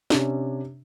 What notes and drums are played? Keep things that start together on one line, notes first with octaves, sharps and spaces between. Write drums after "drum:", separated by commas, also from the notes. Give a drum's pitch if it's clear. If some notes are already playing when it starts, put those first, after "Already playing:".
C3 C#4 D4, drum: snare